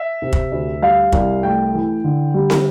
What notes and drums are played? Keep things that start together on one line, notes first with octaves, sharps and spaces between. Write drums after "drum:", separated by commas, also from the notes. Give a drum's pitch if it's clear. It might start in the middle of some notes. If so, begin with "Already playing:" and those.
Already playing: E5
C3
drum: kick
D2
G3 F5
C2, drum: kick
A3 G5
E3
D3
G3
drum: snare